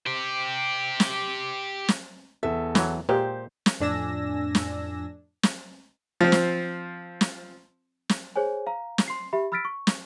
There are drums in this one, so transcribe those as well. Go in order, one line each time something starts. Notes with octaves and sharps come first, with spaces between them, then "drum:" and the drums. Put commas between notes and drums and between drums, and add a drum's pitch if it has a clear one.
G4 C5
drum: snare
drum: snare
E2 A4 E5
E3 F#3, drum: snare
A#2 G#3 G4 C5
drum: snare
F2 A2 D4 G#5 E6 A#6
drum: snare
drum: snare
F3 C4
drum: snare
drum: snare
drum: snare
G#4 C5 C#5 G#5
F5 A#5
drum: snare
C6 C7
G4 E5 B5
B5 E6 F6 A6 B6 D7
C#6
drum: snare